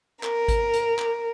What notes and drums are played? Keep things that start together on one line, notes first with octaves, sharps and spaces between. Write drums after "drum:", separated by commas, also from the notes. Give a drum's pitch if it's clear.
A#4, drum: clap
drum: kick G#1, hi-hat
drum: hi-hat
drum: clap